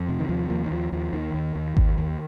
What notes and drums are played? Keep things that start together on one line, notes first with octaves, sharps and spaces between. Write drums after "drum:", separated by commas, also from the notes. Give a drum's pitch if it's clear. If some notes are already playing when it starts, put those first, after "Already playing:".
Already playing: F2
C3
D#3
D#2 F3
D#2 F3 A#3
D#3
D#2 F3
D#2 F3
D#2 D#3
D#2
D#2
D#2, drum: kick G#1
D#2